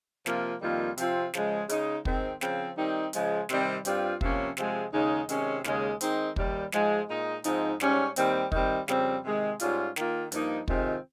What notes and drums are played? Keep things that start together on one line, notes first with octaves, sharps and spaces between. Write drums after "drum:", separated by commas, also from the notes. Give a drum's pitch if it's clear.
C3 F3 A#3 F4, drum: snare
F2 D#3 G3 A#3 F4
C3 F3 C4 F4, drum: hi-hat
C#3 F3 G#3, drum: snare
C#3 G#3 D#4, drum: hi-hat
D#3 G#3 C4, drum: kick
C#3 F3 C4, drum: snare
D#3 G3 C4 D#4
C#3 F3 G#3, drum: hi-hat
C3 D#3 G3 C4, drum: snare
G2 G3 C4 F4, drum: hi-hat
C3 F3 A#3 C#4, drum: kick
C3 F3 G#3, drum: snare
D#2 C#3 G#3 D#4
C3 D#3 G#3 C#4, drum: hi-hat
D#2 C#3 G#3, drum: snare
D#3 G#3 C4 D#4, drum: hi-hat
D#2 D#3 G3, drum: kick
G#2 F3 G#3, drum: snare
A#2 G#3 D#4
G#2 F3 G#3 C4 D#4, drum: hi-hat
G#2 G3 C#4, drum: snare
D#2 D#3 G3 C4, drum: hi-hat
D#3 G3 C4, drum: kick
F2 C#3 G3 C4, drum: snare
C3 D#3 G#3
G#2 G3 C#4 F4, drum: hi-hat
D#3 A#3 F4, drum: snare
G2 F3 A#3 D#4, drum: hi-hat
C3 D#3 G#3 C4 F4, drum: kick